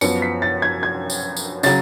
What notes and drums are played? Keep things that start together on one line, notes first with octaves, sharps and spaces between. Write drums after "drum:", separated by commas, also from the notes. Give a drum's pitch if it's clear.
F#2 F3 B3 C#7, drum: tambourine
B6
A6
G#6
G#6
drum: tambourine
drum: tambourine
C#3 F#3 A6, drum: tambourine